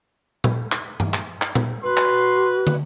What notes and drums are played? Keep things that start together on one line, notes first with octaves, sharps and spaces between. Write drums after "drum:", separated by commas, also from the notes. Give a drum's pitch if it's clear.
drum: tom A#2
drum: clap
drum: tom G2
drum: clap
drum: clap
drum: tom A#2
F#4 B4 C6
drum: clap
drum: tom